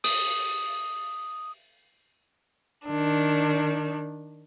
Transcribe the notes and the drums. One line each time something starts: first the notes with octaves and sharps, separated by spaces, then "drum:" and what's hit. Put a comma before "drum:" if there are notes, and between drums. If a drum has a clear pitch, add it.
D#6, drum: open hi-hat
D#3 D4